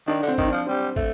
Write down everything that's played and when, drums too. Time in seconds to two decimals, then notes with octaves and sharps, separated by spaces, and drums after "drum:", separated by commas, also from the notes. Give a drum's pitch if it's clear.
0.07 D#3 D4
0.22 D3
0.28 C4
0.38 D#3, drum: kick
0.48 F3 D4
0.67 G3 C4
0.96 A3, drum: kick